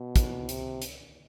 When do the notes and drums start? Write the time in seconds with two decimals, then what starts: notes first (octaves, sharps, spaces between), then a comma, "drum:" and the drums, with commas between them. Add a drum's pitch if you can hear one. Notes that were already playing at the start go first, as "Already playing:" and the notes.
Already playing: B2
0.16 drum: kick, hi-hat
0.49 C3, drum: hi-hat
0.82 drum: hi-hat